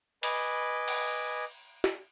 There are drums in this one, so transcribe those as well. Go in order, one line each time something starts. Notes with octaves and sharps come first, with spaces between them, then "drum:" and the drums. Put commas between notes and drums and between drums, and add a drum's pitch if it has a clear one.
B4 D#5 G#5 B5 D6, drum: cymbal
drum: cymbal
drum: snare